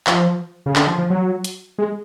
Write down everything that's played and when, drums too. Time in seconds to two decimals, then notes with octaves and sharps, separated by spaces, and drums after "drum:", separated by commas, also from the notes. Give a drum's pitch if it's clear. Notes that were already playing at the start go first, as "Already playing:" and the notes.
0.07 F3, drum: clap
0.66 C#3
0.76 D3, drum: clap
0.87 F3
0.98 F3
1.10 F#3
1.44 drum: hi-hat
1.78 G#3